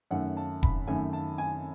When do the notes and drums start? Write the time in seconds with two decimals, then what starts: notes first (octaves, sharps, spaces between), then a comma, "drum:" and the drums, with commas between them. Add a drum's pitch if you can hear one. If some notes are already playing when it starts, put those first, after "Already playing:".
0.11 F#2 D#3 A3 C#4 F#5
0.37 A5
0.63 B5, drum: kick E1
0.87 F#2 D#3 A3 C#4 G#5
1.13 A5
1.38 G#5